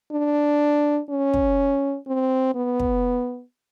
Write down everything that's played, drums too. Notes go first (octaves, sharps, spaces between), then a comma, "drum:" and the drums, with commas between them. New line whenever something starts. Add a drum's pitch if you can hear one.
D4
C#4
drum: kick
C4
B3
drum: kick